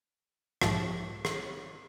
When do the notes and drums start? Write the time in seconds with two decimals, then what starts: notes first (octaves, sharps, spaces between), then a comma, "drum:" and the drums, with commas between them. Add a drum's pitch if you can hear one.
0.61 B1 G#2 F3 G4 E5 A5, drum: rim click
1.25 drum: rim click